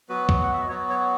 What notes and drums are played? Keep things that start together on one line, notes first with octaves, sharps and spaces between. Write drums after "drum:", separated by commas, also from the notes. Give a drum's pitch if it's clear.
F#3 B3 F#4 B4
drum: kick
F#5
E5
D#5
F#3 B3 F#4 C#5
C#5